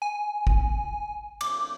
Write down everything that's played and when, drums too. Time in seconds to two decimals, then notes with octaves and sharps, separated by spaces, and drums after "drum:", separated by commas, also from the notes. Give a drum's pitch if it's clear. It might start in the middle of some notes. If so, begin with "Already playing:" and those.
0.02 G#5
0.47 drum: kick G#1
1.41 D6, drum: cymbal